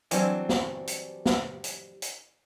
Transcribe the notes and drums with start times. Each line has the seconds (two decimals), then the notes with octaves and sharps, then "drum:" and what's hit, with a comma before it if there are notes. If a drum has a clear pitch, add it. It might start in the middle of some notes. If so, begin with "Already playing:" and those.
0.11 E3 F#3 G3 C4 D4, drum: hi-hat
0.49 drum: snare
0.87 drum: hi-hat
1.26 drum: snare
1.64 drum: hi-hat
2.02 drum: hi-hat